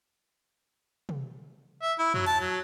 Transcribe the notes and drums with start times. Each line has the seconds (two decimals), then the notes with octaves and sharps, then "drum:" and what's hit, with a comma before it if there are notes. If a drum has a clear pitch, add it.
1.09 drum: tom
1.82 E5
1.99 E4
2.14 F#3, drum: tom
2.26 A5, drum: open hi-hat
2.40 F#3